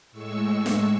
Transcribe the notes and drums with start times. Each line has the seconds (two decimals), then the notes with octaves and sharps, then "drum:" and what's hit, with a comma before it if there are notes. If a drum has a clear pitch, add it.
0.11 A2 G#3 C#6 E6
0.66 drum: snare